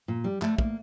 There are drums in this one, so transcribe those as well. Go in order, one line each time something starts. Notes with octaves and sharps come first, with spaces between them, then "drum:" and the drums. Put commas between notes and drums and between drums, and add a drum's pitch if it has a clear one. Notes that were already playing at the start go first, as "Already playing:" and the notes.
A#2
G3
A3, drum: clap
A#3, drum: kick